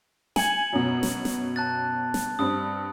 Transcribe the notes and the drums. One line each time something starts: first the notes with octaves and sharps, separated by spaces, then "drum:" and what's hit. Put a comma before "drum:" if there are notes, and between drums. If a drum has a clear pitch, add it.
G#5 G#6 C#7 F#7, drum: snare
F#2 B2
drum: snare
drum: snare
A5 F#6 A6
drum: snare
G2 C4 D#6